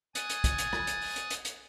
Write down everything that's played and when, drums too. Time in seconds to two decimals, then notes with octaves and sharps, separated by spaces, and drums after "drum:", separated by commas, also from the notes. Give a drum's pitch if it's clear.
0.15 G#5 D#6 F#6 G#6 A6, drum: hi-hat
0.30 drum: hi-hat
0.44 drum: kick, hi-hat
0.58 drum: hi-hat
0.73 drum: rim click
0.87 drum: hi-hat
1.02 drum: open hi-hat
1.16 drum: hi-hat
1.30 drum: hi-hat
1.45 drum: hi-hat